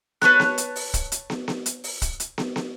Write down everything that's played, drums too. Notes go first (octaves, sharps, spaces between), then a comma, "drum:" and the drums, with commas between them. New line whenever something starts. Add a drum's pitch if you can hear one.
B4 C#5 A5 F#6, drum: snare
drum: snare
drum: hi-hat
drum: open hi-hat
drum: kick, hi-hat
drum: hi-hat
drum: snare
drum: snare
drum: hi-hat
drum: open hi-hat
drum: kick, hi-hat
drum: hi-hat
drum: snare
drum: snare